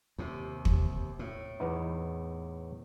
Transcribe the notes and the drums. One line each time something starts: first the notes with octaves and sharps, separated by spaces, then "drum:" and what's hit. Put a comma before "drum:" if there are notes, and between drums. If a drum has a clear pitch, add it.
D#2 C3
drum: kick
A2
E2 B3 D#4